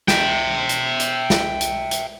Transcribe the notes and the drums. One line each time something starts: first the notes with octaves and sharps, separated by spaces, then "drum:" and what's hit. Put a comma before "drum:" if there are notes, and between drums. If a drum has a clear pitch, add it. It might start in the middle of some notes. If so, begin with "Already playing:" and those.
E5 G5, drum: snare
drum: hi-hat
drum: hi-hat
drum: snare
drum: hi-hat
drum: hi-hat